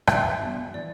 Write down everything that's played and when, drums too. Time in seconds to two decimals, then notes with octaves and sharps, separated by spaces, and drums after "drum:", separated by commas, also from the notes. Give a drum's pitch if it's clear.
0.07 E3 E5, drum: rim click
0.41 B3 D4 F#4
0.74 E3 D5